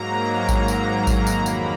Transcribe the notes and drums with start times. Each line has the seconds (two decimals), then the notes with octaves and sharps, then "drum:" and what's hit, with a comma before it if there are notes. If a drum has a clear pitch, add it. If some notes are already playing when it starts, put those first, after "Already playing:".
Already playing: G#2 F#3 A#3 A#5
0.49 G#2 F#3 A#3, drum: kick A1, tambourine
0.68 drum: tambourine
1.07 drum: kick A1, tambourine
1.27 F2 D#3 A#3 B5, drum: tambourine
1.46 drum: tambourine